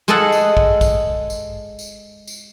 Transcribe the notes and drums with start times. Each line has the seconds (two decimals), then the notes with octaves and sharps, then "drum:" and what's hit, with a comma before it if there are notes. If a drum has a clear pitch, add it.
0.08 G#3 G#4 A4 D#5 F5 F#5
0.32 drum: tambourine
0.57 drum: kick
0.81 drum: kick, tambourine
1.30 drum: tambourine
1.79 drum: tambourine
2.27 drum: tambourine